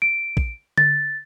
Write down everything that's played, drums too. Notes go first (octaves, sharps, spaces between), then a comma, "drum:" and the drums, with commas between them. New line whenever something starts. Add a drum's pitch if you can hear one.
D7
drum: kick
A6, drum: tom D3